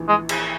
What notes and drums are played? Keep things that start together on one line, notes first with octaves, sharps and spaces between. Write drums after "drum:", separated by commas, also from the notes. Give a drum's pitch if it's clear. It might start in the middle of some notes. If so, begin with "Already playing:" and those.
Already playing: A#1 E3
G#3
drum: cymbal